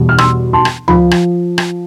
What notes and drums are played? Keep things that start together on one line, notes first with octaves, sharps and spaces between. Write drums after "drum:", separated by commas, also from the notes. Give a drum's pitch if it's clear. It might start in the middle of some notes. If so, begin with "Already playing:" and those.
Already playing: E2 B2 G3
F6
C6 E6, drum: rim click
A5 C6
drum: rim click
F3 B5, drum: tom C#2
drum: rim click
drum: rim click